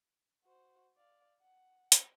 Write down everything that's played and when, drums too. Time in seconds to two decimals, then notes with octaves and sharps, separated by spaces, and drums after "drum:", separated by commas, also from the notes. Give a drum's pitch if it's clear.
0.44 F#4 C5
0.97 D5 F5
1.41 F#5
1.92 drum: hi-hat